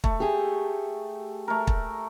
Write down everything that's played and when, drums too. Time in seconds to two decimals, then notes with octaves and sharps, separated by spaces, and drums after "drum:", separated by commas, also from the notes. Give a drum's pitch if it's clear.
0.04 A3, drum: kick
0.20 G4 G#4
1.48 A3 A#4
1.67 drum: kick